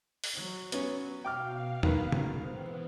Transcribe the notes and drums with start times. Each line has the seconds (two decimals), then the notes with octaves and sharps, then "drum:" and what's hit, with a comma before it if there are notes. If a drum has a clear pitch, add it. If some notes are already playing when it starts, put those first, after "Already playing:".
0.24 drum: open hi-hat
0.35 F#3
0.72 B3 C#4, drum: hi-hat
1.25 B2 F5 G5 D6 F6
1.83 D#3 B4, drum: tom E2
2.12 G#1 C#3, drum: tom
2.44 E3 B3 C4